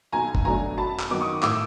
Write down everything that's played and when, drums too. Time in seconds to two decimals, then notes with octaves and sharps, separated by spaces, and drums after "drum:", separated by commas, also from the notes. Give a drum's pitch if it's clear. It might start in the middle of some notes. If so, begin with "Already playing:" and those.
0.12 B1 G#5 A#5
0.35 drum: kick
0.45 B2 F#3 A3 D4 G#5 A#5
0.77 F#2 A5 B5
0.99 drum: clap
1.10 D#3 F#3 B3 D#4 D6
1.20 C#6 D#6
1.43 A2 D6 E6, drum: clap